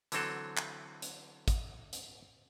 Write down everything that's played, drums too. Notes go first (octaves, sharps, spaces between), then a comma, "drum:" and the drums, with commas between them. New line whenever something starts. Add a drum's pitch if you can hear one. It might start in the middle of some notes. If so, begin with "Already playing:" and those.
D3 E3 F#3 C4 A4, drum: hi-hat
drum: clap
drum: hi-hat
drum: kick, hi-hat
drum: hi-hat